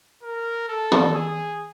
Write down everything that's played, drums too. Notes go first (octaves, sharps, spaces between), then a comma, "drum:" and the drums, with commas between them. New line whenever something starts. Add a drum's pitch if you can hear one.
A#4
A4
drum: tom
G#4